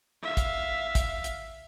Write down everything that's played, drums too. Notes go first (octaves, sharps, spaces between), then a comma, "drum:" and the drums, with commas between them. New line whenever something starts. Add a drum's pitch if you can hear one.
E5 F5
drum: kick, hi-hat
drum: kick, hi-hat
drum: hi-hat